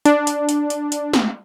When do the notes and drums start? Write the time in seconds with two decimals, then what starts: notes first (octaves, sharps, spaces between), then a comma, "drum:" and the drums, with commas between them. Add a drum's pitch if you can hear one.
0.05 D4, drum: hi-hat
0.27 drum: hi-hat
0.49 drum: hi-hat
0.70 drum: hi-hat
0.92 drum: hi-hat
1.13 drum: snare